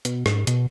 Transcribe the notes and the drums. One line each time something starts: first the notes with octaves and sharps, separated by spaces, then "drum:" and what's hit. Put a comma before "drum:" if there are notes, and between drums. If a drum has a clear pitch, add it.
B2, drum: hi-hat
G#2, drum: rim click
B2, drum: hi-hat